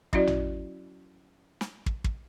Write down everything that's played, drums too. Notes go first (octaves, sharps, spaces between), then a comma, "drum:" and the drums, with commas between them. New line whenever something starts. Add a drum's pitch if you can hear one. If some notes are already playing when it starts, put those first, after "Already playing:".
F#3 C#4 E4 F#4 D5, drum: kick
drum: tom A1
drum: snare
drum: kick
drum: kick